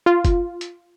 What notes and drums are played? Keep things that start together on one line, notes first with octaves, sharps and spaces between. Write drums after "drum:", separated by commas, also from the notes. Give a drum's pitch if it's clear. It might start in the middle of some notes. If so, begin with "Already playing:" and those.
F4
drum: kick, hi-hat
drum: hi-hat